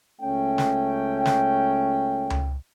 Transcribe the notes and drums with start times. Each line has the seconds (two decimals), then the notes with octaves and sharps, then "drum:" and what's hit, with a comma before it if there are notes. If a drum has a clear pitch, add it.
0.22 C#2 A3 C#4 G5
0.58 drum: snare
1.25 drum: snare
2.30 drum: tom C#2